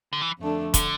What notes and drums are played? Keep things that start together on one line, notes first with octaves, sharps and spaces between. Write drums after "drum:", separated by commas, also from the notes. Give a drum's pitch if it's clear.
D3
E3
F2 D3 A3 D4
D3, drum: kick, hi-hat